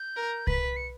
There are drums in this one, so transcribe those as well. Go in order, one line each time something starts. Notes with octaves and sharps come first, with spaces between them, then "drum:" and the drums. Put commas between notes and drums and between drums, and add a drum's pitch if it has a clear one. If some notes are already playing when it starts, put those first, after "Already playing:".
Already playing: G6
A#4
B4 B6, drum: kick C2
C#7